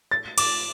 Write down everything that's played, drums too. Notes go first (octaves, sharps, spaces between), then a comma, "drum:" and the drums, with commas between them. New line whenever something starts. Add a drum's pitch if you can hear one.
A6
D6, drum: cymbal